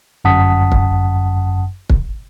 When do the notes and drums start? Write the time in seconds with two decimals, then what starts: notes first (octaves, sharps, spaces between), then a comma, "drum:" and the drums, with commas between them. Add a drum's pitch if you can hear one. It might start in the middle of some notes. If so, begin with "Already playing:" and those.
0.25 G1 F#2 F#5 A5 D#6 B6
0.72 drum: kick
1.90 drum: kick